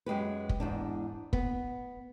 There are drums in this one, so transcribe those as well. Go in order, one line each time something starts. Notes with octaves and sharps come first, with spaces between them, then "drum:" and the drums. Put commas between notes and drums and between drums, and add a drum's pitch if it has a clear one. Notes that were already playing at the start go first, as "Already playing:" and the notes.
F#2 G#3 G4 B4
drum: kick
E2 G#2 D4
B3, drum: kick